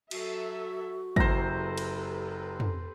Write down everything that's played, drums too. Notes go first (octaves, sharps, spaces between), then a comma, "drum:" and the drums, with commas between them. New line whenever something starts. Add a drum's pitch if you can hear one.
F#3 F#4 A4 E5, drum: cymbal
F#1 E4 G4 A4 B4 C5 A#5, drum: kick
drum: cymbal
drum: tom